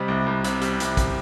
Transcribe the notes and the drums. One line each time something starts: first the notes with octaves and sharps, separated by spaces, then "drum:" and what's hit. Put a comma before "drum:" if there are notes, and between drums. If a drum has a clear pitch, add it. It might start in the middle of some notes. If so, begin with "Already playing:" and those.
Already playing: C3 G3 D#5
C2
C2
C3, drum: hi-hat
G3, drum: hi-hat
C2, drum: hi-hat
drum: kick, hi-hat